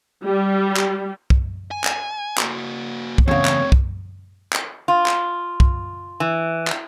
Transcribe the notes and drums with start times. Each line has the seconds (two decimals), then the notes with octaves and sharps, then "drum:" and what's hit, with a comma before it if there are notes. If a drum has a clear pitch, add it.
0.24 G3
0.77 drum: clap
1.30 drum: kick
1.71 G#5
1.84 drum: clap
2.38 A#3 F#4, drum: clap
3.18 drum: kick
3.28 E2 C#3 A3 C4 C#5
3.45 drum: clap
3.72 drum: kick
4.53 drum: clap
4.88 F4
5.06 drum: clap
5.60 drum: kick
6.20 E3
6.67 drum: clap